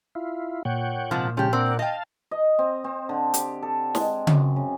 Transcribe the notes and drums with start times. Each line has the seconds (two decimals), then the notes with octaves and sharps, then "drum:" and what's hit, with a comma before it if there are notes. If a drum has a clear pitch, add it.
0.15 E4 F4
0.65 A#2 C#5 F#5 G5
1.11 G#2 C3 F3 F#5 A5
1.37 C#3 F3 G#3 C#4 G4
1.53 C4 A#4 D5 F#5
1.79 D#5 F5 G5 A5
2.31 D#5
2.59 C4
2.84 C4
3.09 D3
3.34 G4, drum: hi-hat
3.62 A4
3.95 G#3, drum: snare
4.27 F#2, drum: tom C#3
4.56 C#3